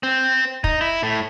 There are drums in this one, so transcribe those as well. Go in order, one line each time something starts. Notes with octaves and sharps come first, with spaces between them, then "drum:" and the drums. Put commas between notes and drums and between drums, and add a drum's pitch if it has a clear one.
C4
D#4, drum: kick
E4
A2